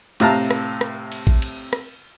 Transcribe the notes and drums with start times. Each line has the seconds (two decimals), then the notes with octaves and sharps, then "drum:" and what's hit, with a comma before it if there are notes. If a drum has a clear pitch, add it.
0.20 A2 C3 F5 A5 A#5 F6, drum: cymbal
0.51 drum: rim click
0.81 drum: rim click
1.12 drum: cymbal
1.27 drum: kick
1.42 drum: cymbal
1.73 drum: rim click